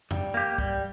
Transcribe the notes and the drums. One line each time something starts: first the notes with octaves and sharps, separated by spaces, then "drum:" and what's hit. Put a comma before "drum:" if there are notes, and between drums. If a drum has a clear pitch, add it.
G3, drum: tom F2
A#3 G4
G3, drum: kick